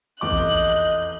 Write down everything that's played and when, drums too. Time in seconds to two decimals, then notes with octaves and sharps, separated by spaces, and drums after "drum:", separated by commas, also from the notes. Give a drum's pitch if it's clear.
0.21 F1 E2 D#5 D6 F#6 G6
0.32 drum: kick